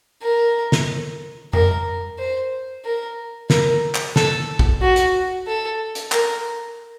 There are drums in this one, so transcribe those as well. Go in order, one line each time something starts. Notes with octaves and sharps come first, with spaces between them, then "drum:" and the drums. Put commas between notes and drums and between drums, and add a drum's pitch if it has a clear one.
A#4
drum: snare
A#4, drum: tom F2
C5
A#4
A#4, drum: snare
drum: clap
A4, drum: snare
drum: kick
F#4
drum: hi-hat
A4
drum: hi-hat
A#4, drum: clap